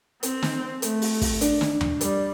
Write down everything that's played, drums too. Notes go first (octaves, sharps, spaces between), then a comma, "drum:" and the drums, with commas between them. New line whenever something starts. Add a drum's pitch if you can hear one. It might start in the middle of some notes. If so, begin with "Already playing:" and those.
C4, drum: hi-hat
drum: snare
A3, drum: hi-hat
drum: open hi-hat
drum: kick, open hi-hat
D4, drum: hi-hat
drum: snare
drum: tom D#2
G3, drum: hi-hat